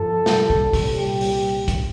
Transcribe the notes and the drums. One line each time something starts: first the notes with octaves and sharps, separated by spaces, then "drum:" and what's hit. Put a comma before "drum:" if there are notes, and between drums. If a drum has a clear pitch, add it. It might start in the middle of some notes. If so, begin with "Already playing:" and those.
Already playing: G1 G2 F3 A4
C2 A#2 G3, drum: snare
drum: kick
drum: kick, open hi-hat
G4
drum: open hi-hat
drum: kick, hi-hat